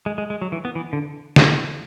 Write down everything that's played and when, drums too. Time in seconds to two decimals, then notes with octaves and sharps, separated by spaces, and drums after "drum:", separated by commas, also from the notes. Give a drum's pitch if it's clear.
0.06 G#3
0.18 G#3
0.30 G#3
0.42 F#3
0.52 E3
0.65 B3
0.75 E3
0.93 D3
1.36 drum: snare